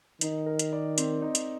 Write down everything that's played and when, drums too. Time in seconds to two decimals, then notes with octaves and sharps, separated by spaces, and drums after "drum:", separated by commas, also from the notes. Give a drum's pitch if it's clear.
0.21 D#3 D#4, drum: hi-hat
0.46 A#4
0.59 drum: hi-hat
0.72 D5
0.98 C4, drum: hi-hat
1.22 D#4
1.35 drum: hi-hat